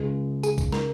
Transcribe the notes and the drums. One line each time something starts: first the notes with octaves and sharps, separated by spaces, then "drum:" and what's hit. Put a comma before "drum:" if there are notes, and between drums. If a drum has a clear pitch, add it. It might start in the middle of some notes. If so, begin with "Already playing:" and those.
Already playing: C#2 C#3 G#3 G#4
G#4, drum: tambourine
drum: kick, tambourine
A#4, drum: snare